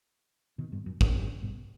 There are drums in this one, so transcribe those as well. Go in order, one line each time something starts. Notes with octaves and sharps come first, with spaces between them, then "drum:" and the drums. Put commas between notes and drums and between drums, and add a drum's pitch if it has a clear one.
B2 D#3
G2 B2
F#2
F#2, drum: kick
E2 G2
G2 B2